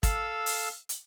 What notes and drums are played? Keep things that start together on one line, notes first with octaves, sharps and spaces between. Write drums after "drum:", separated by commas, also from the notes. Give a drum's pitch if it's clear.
A4 F5 E6, drum: kick, hi-hat
drum: open hi-hat
drum: hi-hat